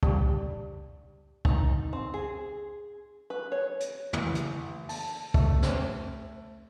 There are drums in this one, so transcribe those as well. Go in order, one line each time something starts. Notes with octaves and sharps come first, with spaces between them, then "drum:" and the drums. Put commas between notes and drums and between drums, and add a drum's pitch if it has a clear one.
G3, drum: kick
D#4, drum: kick
C4
G#4
B4
C#5
drum: hi-hat
A1, drum: tom
drum: hi-hat
A5, drum: open hi-hat
A3, drum: kick
drum: snare